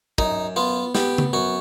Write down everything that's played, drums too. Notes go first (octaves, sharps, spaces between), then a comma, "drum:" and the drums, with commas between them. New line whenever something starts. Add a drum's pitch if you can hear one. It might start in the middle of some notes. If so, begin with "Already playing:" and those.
F#2 D#4, drum: kick
B3 F4
B3 G4, drum: snare
drum: tom C#3
F#2 F#4